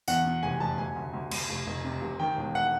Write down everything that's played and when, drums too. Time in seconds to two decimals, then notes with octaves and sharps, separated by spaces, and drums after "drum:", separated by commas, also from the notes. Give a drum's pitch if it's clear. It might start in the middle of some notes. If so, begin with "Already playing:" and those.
0.08 E2 F#5, drum: tambourine
0.25 B2
0.43 F1 G#5
0.60 F1 A5
0.78 D2 G#5
0.96 D2
1.14 D2
1.31 D2, drum: cymbal
1.50 F1
1.67 F1
1.84 C3
2.02 F1
2.19 D#3 G5
2.37 E1
2.55 F#5